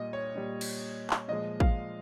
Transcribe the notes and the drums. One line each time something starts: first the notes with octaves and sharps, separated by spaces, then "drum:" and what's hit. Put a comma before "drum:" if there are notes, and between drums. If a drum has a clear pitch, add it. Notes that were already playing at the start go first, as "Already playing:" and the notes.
Already playing: A#2 G3 D#5
C#5
A#2 G3
drum: cymbal
drum: clap
A#2 F3 G#3 D#5
F5, drum: kick